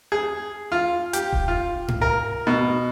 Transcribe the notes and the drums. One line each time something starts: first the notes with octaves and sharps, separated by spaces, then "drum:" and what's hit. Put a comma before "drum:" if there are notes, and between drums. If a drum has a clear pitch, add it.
G#4
F4
G4, drum: hi-hat
drum: kick D#1
F4
drum: tom G#2
A#4
B2